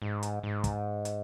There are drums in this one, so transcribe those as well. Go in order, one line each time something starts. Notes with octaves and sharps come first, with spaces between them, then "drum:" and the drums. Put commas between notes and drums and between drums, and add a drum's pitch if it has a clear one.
G#2
drum: hi-hat
G#2
drum: kick, hi-hat
drum: hi-hat